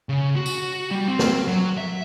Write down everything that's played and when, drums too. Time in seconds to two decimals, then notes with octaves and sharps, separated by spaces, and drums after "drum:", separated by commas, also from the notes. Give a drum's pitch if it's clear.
0.09 C#3
0.36 F#4
0.46 drum: tambourine
0.91 G3
1.08 C4
1.19 drum: snare
1.48 F#3
1.78 E5